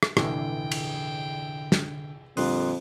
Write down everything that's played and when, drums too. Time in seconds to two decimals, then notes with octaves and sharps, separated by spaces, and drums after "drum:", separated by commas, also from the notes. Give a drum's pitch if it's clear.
0.03 drum: rim click
0.17 F1 A#1 D3 E3 G5, drum: rim click
0.71 drum: cymbal
1.72 drum: snare
2.37 F2 A#2 D3 G3 C6 D#6 F#6, drum: open hi-hat